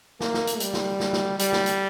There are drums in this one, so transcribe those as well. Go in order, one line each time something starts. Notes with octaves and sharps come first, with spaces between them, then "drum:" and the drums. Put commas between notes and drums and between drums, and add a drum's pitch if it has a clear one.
A#3, drum: snare
drum: snare
drum: hi-hat
G3, drum: hi-hat
drum: snare
drum: snare
drum: snare
G3, drum: hi-hat
drum: snare
drum: hi-hat